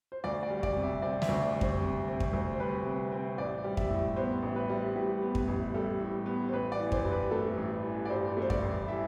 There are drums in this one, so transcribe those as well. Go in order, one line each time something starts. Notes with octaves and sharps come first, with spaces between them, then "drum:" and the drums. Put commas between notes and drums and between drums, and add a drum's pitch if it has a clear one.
C5
D2 D5
D5
G3
D5, drum: kick F2
C3
E5
C4 D5
E5, drum: snare
D2
D5
G3
C5, drum: kick F2
C3
C4
drum: kick F2
D2
C5
G3 B4
C3
C4
A1 D5
G3
E5, drum: kick F2
A2
B3 C5
A1
B4
G3
A2 G4
B3
drum: kick F2
A1
G3 A4
A2
B3
C5
A1 B4
D5
E3
C5, drum: kick F2
G2
B4
A3 A4
A1
E3
D5
G2 C5
A3 C5
D5, drum: kick F2
A1
E3 E5